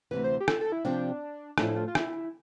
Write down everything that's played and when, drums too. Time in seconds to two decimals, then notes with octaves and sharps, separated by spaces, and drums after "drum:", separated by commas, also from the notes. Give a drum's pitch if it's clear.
0.11 D2 C3 E3 B4
0.24 C5
0.40 G4
0.48 A4, drum: rim click
0.61 A4
0.72 E4
0.85 C3 F3 C4 D4 G4
1.58 A2 F3 A3 D4 E4 A4, drum: rim click
1.76 F4
1.88 F4
1.95 E4, drum: rim click